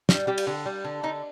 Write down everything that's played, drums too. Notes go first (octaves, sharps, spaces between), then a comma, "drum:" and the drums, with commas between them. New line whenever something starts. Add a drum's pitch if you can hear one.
G3, drum: snare
G3 G4
drum: cymbal
D3
G3
D3
D3 D#4